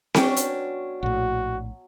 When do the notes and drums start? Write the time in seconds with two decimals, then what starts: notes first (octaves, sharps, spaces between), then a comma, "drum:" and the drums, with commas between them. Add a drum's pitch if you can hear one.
0.14 B2 F#3 C#4 D4 G5 C6, drum: snare C4
0.36 drum: hi-hat
1.03 A#1 A2 F#4